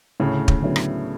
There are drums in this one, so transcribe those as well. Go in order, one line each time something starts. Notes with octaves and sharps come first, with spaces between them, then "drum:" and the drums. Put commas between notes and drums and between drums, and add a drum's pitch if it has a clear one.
D2 A2 C#3
drum: kick
D3 F#3 B3 E4
drum: rim click